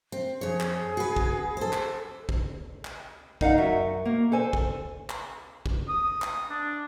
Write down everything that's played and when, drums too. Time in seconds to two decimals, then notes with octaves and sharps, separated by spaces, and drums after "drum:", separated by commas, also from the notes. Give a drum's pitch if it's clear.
0.12 C4
0.41 F2 G#4 C#5
0.60 drum: clap
0.97 F#4 B4
1.16 drum: kick
1.57 A4 C5
1.73 drum: clap
2.29 drum: kick
2.85 drum: clap
3.41 D#4 D#5 F5 F#5, drum: kick
3.58 F#2 F#4 E5
4.05 A#3
4.32 A4 C5 G#5
4.53 drum: kick
5.09 drum: clap
5.66 drum: kick
5.89 D#6
6.22 drum: clap
6.50 D4